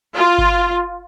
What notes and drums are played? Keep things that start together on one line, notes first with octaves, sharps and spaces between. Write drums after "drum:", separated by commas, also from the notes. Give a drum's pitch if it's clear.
F4
drum: kick G1